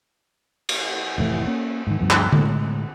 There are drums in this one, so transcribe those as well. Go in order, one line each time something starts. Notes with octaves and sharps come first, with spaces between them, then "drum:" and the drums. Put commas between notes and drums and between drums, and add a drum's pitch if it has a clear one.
drum: cymbal
F1 A2 E3 A3
A#3 C#4
G#2 D#3
D2 G2 F3 B3
drum: clap
A2 G#3, drum: tom D3